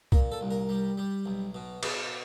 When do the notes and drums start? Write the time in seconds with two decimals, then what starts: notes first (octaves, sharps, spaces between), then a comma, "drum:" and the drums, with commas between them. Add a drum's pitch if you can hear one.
0.12 A#2 A#4, drum: kick C2
0.32 A4
0.41 C2
0.51 A#4
0.69 G3
0.98 G3
1.26 B1
1.55 B2
1.83 B2 G#4, drum: cymbal